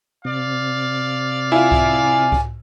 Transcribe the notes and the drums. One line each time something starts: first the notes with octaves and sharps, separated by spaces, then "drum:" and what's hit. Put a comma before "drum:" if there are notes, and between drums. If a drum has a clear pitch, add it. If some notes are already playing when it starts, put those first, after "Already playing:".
C3 D5 F5
E4 F4 G#5
drum: kick C2
drum: kick C2